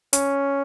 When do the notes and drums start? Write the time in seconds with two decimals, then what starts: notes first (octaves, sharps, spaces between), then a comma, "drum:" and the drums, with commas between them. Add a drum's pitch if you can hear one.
0.13 C#4, drum: hi-hat